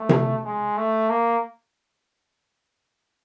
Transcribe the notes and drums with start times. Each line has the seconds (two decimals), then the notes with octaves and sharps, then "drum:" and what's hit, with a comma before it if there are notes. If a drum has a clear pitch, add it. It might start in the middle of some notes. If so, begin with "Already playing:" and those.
Already playing: A3
0.09 drum: tom C3
0.45 G#3
0.77 A3
1.09 A#3